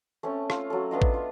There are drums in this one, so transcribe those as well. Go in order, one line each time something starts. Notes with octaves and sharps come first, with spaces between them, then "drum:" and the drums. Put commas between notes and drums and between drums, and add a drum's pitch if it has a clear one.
A3 C4 C#4
A3 F4, drum: rim click
F#3 A4
B3 D4 F4 D#5
drum: kick A1
F4 E5